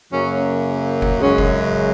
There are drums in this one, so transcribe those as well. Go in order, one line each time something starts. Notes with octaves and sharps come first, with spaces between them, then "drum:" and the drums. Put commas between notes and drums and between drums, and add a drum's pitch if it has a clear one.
F#2 C#3 F#3 A#3 C#4
drum: kick F1
F#2 C#3 G#3 C#4
drum: kick F1